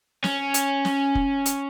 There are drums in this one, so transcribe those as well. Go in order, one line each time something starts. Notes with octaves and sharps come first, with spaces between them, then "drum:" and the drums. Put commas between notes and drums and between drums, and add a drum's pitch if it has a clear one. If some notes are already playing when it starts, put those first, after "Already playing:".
C#4, drum: snare
drum: hi-hat
drum: snare
drum: kick F1
drum: hi-hat